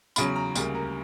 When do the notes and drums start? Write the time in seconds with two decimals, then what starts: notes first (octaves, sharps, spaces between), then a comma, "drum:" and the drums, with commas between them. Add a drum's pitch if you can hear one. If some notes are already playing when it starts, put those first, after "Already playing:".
0.16 E2 C#3 F#3 C#4 B5, drum: tambourine
0.36 A#5
0.56 D2 C#3 G3 A#3, drum: tambourine
0.75 A#4